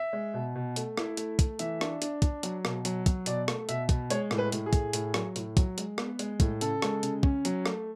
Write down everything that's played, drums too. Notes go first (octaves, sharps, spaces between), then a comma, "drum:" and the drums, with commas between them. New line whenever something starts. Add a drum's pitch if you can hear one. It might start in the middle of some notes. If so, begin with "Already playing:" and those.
Already playing: E5
G#3
B2
B2
A3, drum: hi-hat
E4, drum: rim click
A3, drum: hi-hat
A3, drum: kick, hi-hat
E3 E5, drum: hi-hat
D4, drum: rim click
D4, drum: hi-hat
D4, drum: kick, hi-hat
F#3, drum: hi-hat
B2, drum: rim click
F#3, drum: hi-hat
F#3, drum: kick, hi-hat
B2 D5, drum: hi-hat
A3, drum: rim click
B2 E5, drum: hi-hat
B2, drum: kick, hi-hat
G#3 C#5, drum: hi-hat
A2, drum: rim click
B4
A2, drum: hi-hat
G#4
A2, drum: kick, hi-hat
A2, drum: hi-hat
F#3, drum: rim click
A2, drum: hi-hat
F#3, drum: kick, hi-hat
G#3, drum: hi-hat
B3, drum: rim click
G#3, drum: hi-hat
A2, drum: kick, hi-hat
C#3 A4, drum: hi-hat
G#3, drum: rim click
C#3, drum: hi-hat
C#4, drum: kick
F#3, drum: hi-hat
A3, drum: rim click